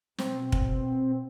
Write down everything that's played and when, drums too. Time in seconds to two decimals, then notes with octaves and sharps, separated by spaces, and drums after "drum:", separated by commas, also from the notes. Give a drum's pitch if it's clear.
0.18 B2 C4, drum: snare
0.52 drum: kick